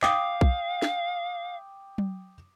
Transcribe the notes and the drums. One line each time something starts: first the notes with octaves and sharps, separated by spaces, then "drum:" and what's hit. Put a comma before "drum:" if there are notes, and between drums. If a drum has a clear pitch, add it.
F5 G5 D6 D#6, drum: clap
drum: kick B1
drum: snare
drum: tom F#3